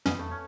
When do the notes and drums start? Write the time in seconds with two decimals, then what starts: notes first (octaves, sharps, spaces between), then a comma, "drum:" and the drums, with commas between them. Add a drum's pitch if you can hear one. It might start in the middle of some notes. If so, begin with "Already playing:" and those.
0.06 B3 C#4, drum: tom
0.19 A3
0.31 C#4